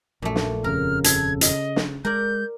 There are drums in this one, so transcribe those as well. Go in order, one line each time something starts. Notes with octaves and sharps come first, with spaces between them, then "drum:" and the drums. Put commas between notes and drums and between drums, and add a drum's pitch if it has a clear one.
A#1 F#2 A#2 A3
drum: snare
D#1 F2 C#3 A#4 F6
A4 G#6, drum: hi-hat
D#5, drum: hi-hat
drum: snare
G#3 A#4 D5 G6